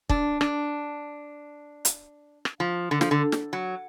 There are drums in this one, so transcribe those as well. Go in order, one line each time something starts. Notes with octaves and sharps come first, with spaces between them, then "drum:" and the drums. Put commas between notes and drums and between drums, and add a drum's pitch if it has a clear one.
D4, drum: kick
D4, drum: rim click
drum: hi-hat
drum: rim click
F3
D3
F3, drum: snare
D3
drum: snare
F#3